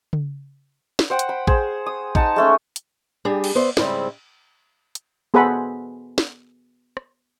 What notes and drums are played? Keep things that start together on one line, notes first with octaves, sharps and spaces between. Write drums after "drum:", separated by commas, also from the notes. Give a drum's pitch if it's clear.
drum: tom C#3
drum: snare
C5 F#5 G5
drum: hi-hat
B5
G#4 C5, drum: kick A1
D#6
D#4 F#5 A5, drum: kick A1
G#3 A3 C#4
drum: hi-hat
G3 D4 G4 G#4
drum: cymbal
B3 C5 D5 E5
G#2 C#3 G3 C4 E4, drum: snare
drum: hi-hat
B3 G#4 A4 C5 F#5 B5
drum: snare
drum: rim click